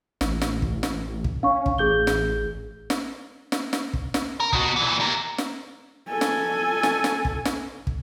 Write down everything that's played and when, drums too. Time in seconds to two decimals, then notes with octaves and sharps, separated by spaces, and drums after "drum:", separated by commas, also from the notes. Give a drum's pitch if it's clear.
0.21 A1, drum: snare
0.42 drum: snare
0.62 drum: kick
0.83 drum: snare
1.24 drum: kick
1.43 C#4 F5 C#6
1.66 drum: kick
1.78 A1 G#4 G6 G7
2.07 drum: snare
2.90 drum: snare
3.52 drum: snare
3.73 drum: snare
3.93 drum: kick
4.14 drum: snare
4.40 A#4
4.53 B2 F#4, drum: kick
4.76 A#2 E3
5.01 G4 A#4
5.38 drum: snare
6.09 A4 G#5
6.21 drum: snare
6.83 drum: snare
7.04 drum: snare
7.25 drum: kick
7.45 drum: snare
7.87 drum: kick